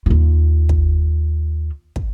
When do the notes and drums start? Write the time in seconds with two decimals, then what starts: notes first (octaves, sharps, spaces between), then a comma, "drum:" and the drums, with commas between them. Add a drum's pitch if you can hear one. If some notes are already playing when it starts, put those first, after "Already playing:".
0.06 D#2 F4
0.69 drum: kick
1.96 drum: kick